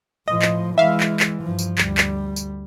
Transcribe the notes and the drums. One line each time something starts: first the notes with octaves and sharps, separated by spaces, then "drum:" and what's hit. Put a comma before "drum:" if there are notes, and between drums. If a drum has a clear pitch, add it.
A2 F3 D#5
drum: clap
E3 G#3 E5 F5
drum: clap
drum: clap
G2 F3
drum: tambourine
D2 G3, drum: clap
drum: clap
drum: tambourine